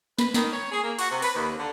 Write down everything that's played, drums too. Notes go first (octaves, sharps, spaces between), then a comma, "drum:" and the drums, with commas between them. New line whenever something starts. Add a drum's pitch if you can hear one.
B4, drum: snare
D#3, drum: snare
C#5
G#4
A#3
F#4, drum: open hi-hat
C3
B4, drum: open hi-hat
D#2
D3